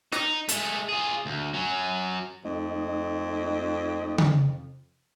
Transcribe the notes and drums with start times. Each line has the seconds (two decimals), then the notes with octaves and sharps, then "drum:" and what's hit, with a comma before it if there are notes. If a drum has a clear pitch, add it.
0.12 D#4, drum: snare
0.49 G#3 A3, drum: hi-hat
0.89 F4 G#4
1.26 D2
1.54 F#3 C#4
2.45 F2 A3 D#4 D#5
4.18 drum: tom C#3